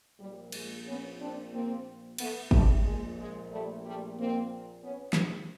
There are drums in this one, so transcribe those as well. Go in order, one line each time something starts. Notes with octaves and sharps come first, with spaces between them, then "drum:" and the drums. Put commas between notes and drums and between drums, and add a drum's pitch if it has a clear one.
A#1 A#2 G3
G#3, drum: cymbal
B3 C#4
C4 D4
A#3 C4
A3 B3, drum: cymbal
G3 A3, drum: kick G#1
A#1 A#2 G#3
G#3
G3 A3
G3 A3
A#3 C4
B3 C#4
drum: snare